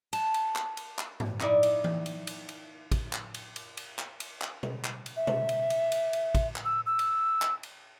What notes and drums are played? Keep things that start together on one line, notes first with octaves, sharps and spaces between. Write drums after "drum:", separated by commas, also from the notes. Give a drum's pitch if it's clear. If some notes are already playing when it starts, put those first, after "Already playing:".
A5, drum: cymbal
drum: cymbal
drum: clap
drum: cymbal
drum: clap
drum: tom G2
D#4 E4 D5, drum: clap
drum: cymbal
drum: tom E3
drum: cymbal
drum: cymbal
drum: cymbal
drum: kick, cymbal
drum: clap
drum: cymbal
drum: cymbal
drum: cymbal
drum: clap
drum: cymbal
drum: clap
drum: tom B2
drum: clap
drum: cymbal
E5
drum: tom B2
drum: cymbal
drum: cymbal
drum: cymbal
drum: cymbal
drum: kick, cymbal
drum: clap
E6
E6
drum: cymbal
drum: clap
drum: cymbal